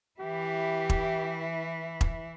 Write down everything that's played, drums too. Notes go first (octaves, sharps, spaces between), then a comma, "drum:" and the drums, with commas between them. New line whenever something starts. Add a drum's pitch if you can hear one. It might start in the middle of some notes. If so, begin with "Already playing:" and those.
E3 E4 G4
drum: kick E1
drum: kick E1